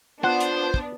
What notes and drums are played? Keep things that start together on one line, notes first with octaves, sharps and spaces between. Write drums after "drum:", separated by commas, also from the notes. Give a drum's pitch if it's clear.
B3 D4 F4 C5 F#5
drum: hi-hat
drum: kick